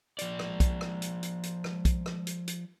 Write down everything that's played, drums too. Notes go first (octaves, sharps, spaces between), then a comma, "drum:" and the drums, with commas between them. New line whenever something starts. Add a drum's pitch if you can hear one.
F3 D5, drum: hi-hat
drum: rim click
drum: kick B1, hi-hat
drum: rim click
drum: hi-hat
drum: hi-hat
drum: hi-hat
drum: rim click
drum: kick B1, hi-hat
drum: rim click
drum: hi-hat
drum: hi-hat